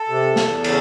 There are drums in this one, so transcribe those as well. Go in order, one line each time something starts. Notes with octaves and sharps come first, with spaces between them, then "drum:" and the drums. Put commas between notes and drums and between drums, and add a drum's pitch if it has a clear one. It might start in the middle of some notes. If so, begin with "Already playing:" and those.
Already playing: A4
C3
E2, drum: snare
C#3, drum: cymbal